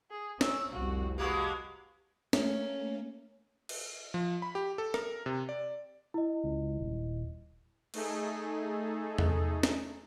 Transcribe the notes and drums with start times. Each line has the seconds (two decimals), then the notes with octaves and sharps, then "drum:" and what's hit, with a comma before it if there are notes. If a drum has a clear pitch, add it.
0.11 G#4
0.41 C4 C#4 E6, drum: snare
0.73 F1 C2 F#4
1.18 B2 G#3 A#3 F#4 G4
2.33 A3 A#3 C#4, drum: snare
3.69 drum: cymbal
4.14 F3
4.42 B5
4.55 G4
4.78 A4
4.94 A#4, drum: rim click
5.26 C3
5.49 D5
6.14 E4 D#5
6.44 C#2
6.80 D#1
7.94 A3 D#4 G#4 A4, drum: cymbal
9.18 drum: tom E2
9.63 drum: snare